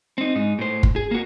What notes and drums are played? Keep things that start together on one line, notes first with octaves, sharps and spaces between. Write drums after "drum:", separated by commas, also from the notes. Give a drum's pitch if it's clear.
C4 D#4
G#2 D#4
A2 C5
drum: kick
G#4
A#3 F#4